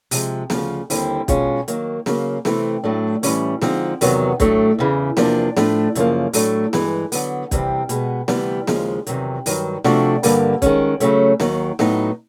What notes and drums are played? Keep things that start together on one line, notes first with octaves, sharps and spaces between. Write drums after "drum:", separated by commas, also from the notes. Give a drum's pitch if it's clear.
C3 F3 G#3, drum: open hi-hat
D2 C#3 F3, drum: snare
D#2 D3 G3 C4 E4, drum: open hi-hat
B2 G#3 C#4 F4, drum: kick, hi-hat
D#3 F#3 A#3, drum: hi-hat
C#3 F#3 A#3, drum: snare
C3 E3 A3 C4 E4, drum: snare
A2 F#3 A3 D4
A2 E3 G3 A#3 C#4, drum: open hi-hat
D3 F3 G#3 C4 D#4, drum: snare
E2 C3 D#3 F#3 B3, drum: open hi-hat
A2 F#3 A3 D4, drum: kick, hi-hat
E2 C#3 E3
E2 C3 F3 A#3 D4, drum: snare
A2 F3 A3 D4, drum: snare
F#2 C#3 F3 A#3, drum: hi-hat
A2 F#3 A3 D4, drum: open hi-hat
G2 E3 G#3, drum: snare
D3 F#3 B3, drum: open hi-hat
E2 C3 E3 G3 C4, drum: kick, hi-hat
B2 G#3 B3, drum: hi-hat
D2 C3 E3 G3 B3, drum: snare
D#2 C#3 F3 G#3, drum: snare
E2 C3 D#3 F#3, drum: hi-hat
G2 D#3 F#3, drum: open hi-hat
C3 F3 A3 D4 F#4, drum: snare
G2 D3 G3 A#3, drum: open hi-hat
D#3 G#3 C#4, drum: kick, hi-hat
C#3 F#3 A3 C#4, drum: hi-hat
D#2 D#3 F#3, drum: snare
A2 F#3 B3 D#4, drum: snare